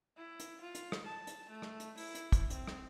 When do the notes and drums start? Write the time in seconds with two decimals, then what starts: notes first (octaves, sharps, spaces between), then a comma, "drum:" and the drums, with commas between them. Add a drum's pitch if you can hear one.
0.17 E4
0.40 drum: hi-hat
0.61 F4
0.75 drum: hi-hat
0.92 drum: rim click
1.05 A5
1.27 drum: hi-hat
1.49 A3
1.62 drum: rim click
1.80 drum: hi-hat
1.97 E4, drum: open hi-hat
2.15 drum: hi-hat
2.32 drum: kick, hi-hat
2.50 C4, drum: hi-hat
2.67 drum: rim click